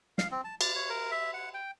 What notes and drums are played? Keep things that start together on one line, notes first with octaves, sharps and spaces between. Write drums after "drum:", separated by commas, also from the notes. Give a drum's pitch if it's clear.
F5, drum: snare
C4
A5
D5, drum: cymbal
C#5
A#4
E5
F#5
G5